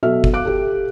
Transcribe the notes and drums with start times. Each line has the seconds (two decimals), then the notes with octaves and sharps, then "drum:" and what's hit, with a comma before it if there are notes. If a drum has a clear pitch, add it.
0.03 B2 F#3 A4 E5 F6
0.24 drum: kick
0.33 F5 D6 F#6 D7
0.45 G4 A4